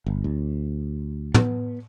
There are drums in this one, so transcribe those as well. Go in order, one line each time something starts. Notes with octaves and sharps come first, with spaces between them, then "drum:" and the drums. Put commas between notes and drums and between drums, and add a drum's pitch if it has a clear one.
G1
D2
B3, drum: tom